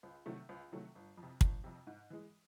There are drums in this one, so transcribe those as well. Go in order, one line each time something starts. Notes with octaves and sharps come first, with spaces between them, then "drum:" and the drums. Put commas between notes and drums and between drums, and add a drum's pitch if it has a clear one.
C#2
C3 D#3 F#3 A3
C#2
C3 D#3 F#3 A3
G1
F2
C3
G1, drum: kick
F2 C3
G#2
E3 G#3